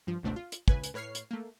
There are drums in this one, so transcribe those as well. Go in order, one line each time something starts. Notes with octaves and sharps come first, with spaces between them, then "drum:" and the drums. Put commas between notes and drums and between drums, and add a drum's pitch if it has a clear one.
G2 F3
G1 C#2 B2 A3 C4 D4
F4
drum: hi-hat
C#2 C#3 B4 G#5, drum: kick
drum: hi-hat
A2 B4 C#5 F6 C7
drum: hi-hat
A3 A#3